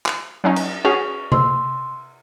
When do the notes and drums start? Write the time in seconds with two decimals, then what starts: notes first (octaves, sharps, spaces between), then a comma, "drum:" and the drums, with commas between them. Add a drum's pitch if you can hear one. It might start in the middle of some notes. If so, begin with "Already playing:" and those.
0.06 drum: clap
0.44 F#3 C#4 D#4
0.56 drum: cymbal
0.85 C#4 F#4 G#4 C#6 F7
1.32 C6 E6, drum: tom C3